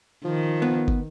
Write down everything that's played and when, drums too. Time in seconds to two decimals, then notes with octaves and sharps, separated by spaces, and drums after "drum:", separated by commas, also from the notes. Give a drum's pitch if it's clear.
0.24 D#3 F3
0.62 B3
0.88 drum: kick